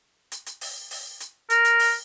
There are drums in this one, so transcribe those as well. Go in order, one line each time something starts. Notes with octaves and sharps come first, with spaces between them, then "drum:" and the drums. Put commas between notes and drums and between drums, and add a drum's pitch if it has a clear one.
drum: hi-hat
drum: hi-hat
drum: open hi-hat
drum: open hi-hat
drum: hi-hat
A#4, drum: hi-hat
drum: hi-hat
drum: open hi-hat